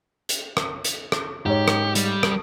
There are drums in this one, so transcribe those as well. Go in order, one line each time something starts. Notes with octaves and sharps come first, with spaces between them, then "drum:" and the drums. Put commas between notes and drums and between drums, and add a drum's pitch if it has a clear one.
drum: hi-hat
drum: rim click
drum: hi-hat
drum: rim click
G#2 G4 C#5
drum: rim click
G3, drum: hi-hat
drum: rim click